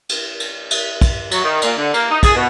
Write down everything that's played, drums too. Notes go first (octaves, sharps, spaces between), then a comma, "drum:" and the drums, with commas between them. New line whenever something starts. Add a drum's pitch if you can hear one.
drum: cymbal
drum: cymbal
drum: cymbal
drum: kick, cymbal
F#3, drum: cymbal
D#3
A#2, drum: cymbal
D3
A#3, drum: cymbal
D#4
G#4, drum: kick, cymbal
B2